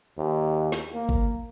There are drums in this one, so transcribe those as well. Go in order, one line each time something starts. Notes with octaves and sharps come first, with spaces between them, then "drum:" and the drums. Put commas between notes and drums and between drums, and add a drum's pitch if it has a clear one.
D#2
drum: snare
A#3
drum: kick G#1